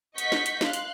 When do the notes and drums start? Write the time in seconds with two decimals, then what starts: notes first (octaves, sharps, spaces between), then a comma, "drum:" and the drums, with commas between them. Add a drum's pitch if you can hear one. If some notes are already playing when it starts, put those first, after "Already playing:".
0.18 D#5 F#5 C#6 G6 B6, drum: hi-hat
0.32 drum: snare
0.46 drum: hi-hat
0.61 F5 C6 F#6, drum: snare
0.73 drum: hi-hat